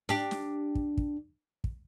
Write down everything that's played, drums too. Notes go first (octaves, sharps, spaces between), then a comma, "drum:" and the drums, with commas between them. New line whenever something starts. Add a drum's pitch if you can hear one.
D4 G4, drum: snare
drum: snare
drum: kick
drum: kick
drum: kick